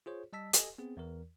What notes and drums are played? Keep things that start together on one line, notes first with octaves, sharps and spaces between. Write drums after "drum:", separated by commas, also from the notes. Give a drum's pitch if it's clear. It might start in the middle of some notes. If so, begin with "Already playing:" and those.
F4 G#4 C5 C#5
G3 D#5 A5 E6 B6
G4 A4 D#5 G#5, drum: hi-hat
B3 C4 G#4
E2 E3 A#4